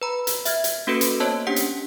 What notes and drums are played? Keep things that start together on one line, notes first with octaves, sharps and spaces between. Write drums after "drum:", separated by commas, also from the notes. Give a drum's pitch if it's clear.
B4 A#5 B5
drum: hi-hat
E5 F6 G#6, drum: hi-hat
drum: hi-hat
A#3 C#4 F#4 A4 B4 D7
drum: hi-hat
A#3 B3 C5 C#5 D#5 A5
C#4 D4 G4 F#5 B6
drum: hi-hat